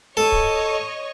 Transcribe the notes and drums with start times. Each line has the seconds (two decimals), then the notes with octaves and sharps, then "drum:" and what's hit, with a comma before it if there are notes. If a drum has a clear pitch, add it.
0.17 A4 C#5 D#5 C#6
0.32 drum: kick